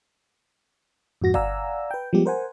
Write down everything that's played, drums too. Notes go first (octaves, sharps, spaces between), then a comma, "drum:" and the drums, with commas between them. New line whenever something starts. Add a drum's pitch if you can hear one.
F2 G#2 F#4 A#6
D5 F5 F#5 G#5 A#5 E6, drum: kick G1
B4 G5
F3 G3 G#3 B3 G4
A#4 C5 F#5 G#5